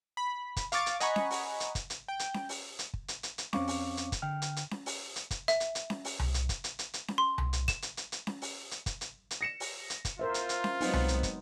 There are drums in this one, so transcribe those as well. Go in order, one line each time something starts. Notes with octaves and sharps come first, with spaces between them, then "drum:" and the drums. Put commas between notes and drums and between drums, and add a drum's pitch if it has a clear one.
B5
drum: kick, hi-hat
F5 C#6 D6 A6, drum: hi-hat
drum: hi-hat
D#5 F#5 G#5 A#5 B5 C#6, drum: hi-hat
drum: snare C#4
drum: open hi-hat
drum: hi-hat
drum: kick, hi-hat
drum: hi-hat
G5
drum: hi-hat
drum: snare C#4
drum: open hi-hat
drum: hi-hat
drum: kick
drum: hi-hat
drum: hi-hat
drum: hi-hat
F2 C4 C#4 F5 C#6 D6, drum: snare C#4
drum: open hi-hat
drum: hi-hat
drum: kick, hi-hat
D3 G5 F6
drum: hi-hat
drum: hi-hat
drum: snare C#4
drum: open hi-hat
drum: hi-hat
drum: kick, hi-hat
E5, drum: hi-hat
drum: hi-hat
drum: hi-hat
drum: snare C#4
drum: open hi-hat
drum: tom C2
drum: hi-hat
drum: kick, hi-hat
drum: hi-hat
drum: hi-hat
drum: hi-hat
drum: snare C#4
C6
drum: tom C2
drum: hi-hat
E7, drum: kick, hi-hat
drum: hi-hat
drum: hi-hat
drum: hi-hat
drum: snare C#4
drum: open hi-hat
drum: hi-hat
drum: kick, hi-hat
drum: hi-hat
drum: hi-hat
A#6 C#7 E7
drum: open hi-hat
drum: hi-hat
drum: kick, hi-hat
F4 A#4 C5 E5
drum: hi-hat
drum: hi-hat
drum: snare C#4
F#3 G#3 B3 C4 D#4, drum: open hi-hat
drum: tom C2
drum: hi-hat
drum: kick, hi-hat